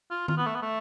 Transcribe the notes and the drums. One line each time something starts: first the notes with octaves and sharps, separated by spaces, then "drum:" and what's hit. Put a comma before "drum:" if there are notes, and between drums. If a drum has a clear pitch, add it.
F4
F4, drum: tom D#3
B3
A3
B3
A3